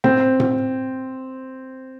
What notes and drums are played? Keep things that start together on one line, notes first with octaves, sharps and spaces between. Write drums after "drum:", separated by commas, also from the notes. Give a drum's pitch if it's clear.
C4, drum: tom A2
drum: tom A2